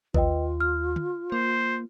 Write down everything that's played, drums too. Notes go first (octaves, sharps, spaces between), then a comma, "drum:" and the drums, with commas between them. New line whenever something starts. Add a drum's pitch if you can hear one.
D#2 F4 B4 D#5 G5, drum: kick A1
F6
drum: tom
A#3 C5